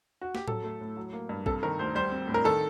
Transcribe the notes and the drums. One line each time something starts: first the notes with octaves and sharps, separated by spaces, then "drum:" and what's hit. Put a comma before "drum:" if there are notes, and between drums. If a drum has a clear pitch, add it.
F#4
G4, drum: snare
F#3 A4, drum: tom A2
A3
A2
F#3
A#3
G2
C3 A4, drum: kick
D#3 A#4
D2 C5
G3 C5
C4
A2
A#4
D#3 A4